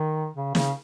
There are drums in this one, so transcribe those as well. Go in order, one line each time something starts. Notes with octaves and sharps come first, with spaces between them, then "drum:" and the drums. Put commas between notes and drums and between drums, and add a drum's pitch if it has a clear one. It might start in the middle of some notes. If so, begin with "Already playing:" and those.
Already playing: D#3
C#3
C#3, drum: snare